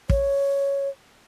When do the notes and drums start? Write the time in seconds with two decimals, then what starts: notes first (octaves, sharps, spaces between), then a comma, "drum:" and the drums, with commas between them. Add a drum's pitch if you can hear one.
0.10 C#5, drum: kick